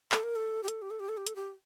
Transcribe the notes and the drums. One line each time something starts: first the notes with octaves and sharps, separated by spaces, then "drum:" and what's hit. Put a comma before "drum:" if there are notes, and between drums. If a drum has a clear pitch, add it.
A4, drum: clap
A#4
A4
G4
A4, drum: hi-hat
G4
A4
G4
A4
G4
A4, drum: hi-hat
G4